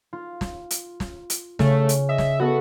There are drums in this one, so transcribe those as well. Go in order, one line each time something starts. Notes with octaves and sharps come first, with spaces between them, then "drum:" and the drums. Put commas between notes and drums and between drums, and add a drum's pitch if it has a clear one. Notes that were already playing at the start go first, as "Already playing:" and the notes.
F4
drum: snare
drum: hi-hat
drum: snare
drum: hi-hat
C#3 A3, drum: snare
drum: hi-hat
D#5 E5 D#6
drum: snare
B3 F#4 A4 E5